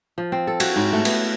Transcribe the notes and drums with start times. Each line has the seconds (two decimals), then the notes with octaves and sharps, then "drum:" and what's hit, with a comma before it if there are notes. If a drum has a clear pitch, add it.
0.18 F3
0.32 C4
0.47 A4
0.60 F#4, drum: cymbal
0.76 G#2
0.93 A3
1.05 B3, drum: cymbal